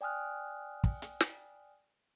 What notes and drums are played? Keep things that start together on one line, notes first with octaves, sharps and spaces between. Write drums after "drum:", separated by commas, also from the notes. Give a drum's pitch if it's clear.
D5 G5 G#5 D#6 F6 F#6
drum: kick
drum: hi-hat
drum: snare